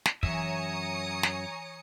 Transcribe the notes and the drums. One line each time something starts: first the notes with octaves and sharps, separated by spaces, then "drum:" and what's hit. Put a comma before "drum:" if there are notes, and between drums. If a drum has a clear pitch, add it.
drum: snare
F#2 E3 C#5 E5 G#5 A#5 D#6 C#7, drum: kick
drum: snare